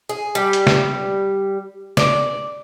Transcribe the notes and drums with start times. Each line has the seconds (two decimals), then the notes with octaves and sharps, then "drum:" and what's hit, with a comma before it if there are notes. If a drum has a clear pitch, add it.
0.09 G#4
0.35 G3
0.53 drum: hi-hat
0.67 drum: snare
1.97 D5, drum: snare